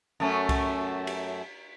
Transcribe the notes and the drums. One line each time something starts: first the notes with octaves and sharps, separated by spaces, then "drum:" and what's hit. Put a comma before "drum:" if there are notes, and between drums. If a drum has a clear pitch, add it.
F#2 A3 C#4
drum: kick C2, cymbal
drum: cymbal